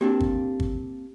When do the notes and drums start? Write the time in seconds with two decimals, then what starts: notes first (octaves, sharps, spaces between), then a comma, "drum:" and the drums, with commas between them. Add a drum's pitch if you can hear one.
0.01 A#3 C4 D4 G4
0.20 drum: kick
0.60 drum: kick